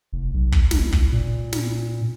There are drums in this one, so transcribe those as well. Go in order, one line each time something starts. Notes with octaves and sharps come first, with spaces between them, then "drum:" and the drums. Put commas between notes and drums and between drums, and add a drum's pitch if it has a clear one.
F1
B1
drum: kick
C#2, drum: snare
drum: kick
A#2
drum: snare